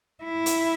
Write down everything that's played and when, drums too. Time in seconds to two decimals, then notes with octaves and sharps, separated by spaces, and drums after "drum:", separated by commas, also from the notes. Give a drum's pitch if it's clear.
0.24 E4
0.46 drum: hi-hat